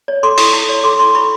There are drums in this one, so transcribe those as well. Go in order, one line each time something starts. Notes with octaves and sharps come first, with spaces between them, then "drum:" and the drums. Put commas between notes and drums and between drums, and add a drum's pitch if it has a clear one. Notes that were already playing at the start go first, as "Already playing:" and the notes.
C#5
A4 C6 D6
E4 C#6 D#6, drum: open hi-hat
E4
C#5
A4 C6 D6
E4 C6 D6
E4 B5 C#6